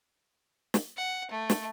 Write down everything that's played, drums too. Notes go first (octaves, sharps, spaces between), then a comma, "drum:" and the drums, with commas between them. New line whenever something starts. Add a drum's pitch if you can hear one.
drum: snare
F#5
A3
drum: snare